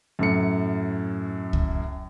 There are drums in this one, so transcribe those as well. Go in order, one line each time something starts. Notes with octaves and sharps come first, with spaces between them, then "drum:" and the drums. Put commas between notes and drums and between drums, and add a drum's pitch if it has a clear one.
F#2 A2 C#7
drum: kick C#2